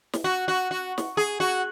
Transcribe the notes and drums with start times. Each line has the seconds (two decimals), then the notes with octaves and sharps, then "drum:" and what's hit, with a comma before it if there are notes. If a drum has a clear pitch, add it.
0.13 drum: snare
0.24 F#4
0.48 F#4
0.71 F#4
0.98 drum: snare
1.17 G#4
1.40 F#4